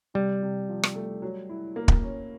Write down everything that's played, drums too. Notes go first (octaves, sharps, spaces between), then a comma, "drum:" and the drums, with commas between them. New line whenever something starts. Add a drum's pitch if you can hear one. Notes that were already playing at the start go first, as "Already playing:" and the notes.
C3 G3
C3
F3
drum: rim click
A3
F#3
E4
A#3
drum: kick
C#4